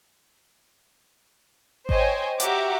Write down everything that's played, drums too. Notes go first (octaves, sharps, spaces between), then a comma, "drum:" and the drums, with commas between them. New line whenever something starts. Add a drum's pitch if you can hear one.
C5 C#5 D#5 G5 G#5, drum: kick G#1
F#4 G4 E5 F#5 A#5 D6, drum: hi-hat